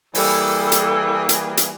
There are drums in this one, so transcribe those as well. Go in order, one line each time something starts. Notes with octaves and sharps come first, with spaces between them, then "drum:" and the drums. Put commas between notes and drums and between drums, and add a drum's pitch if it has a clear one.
E3 G3 A#3 G#4 A4, drum: open hi-hat
drum: hi-hat
drum: hi-hat
drum: hi-hat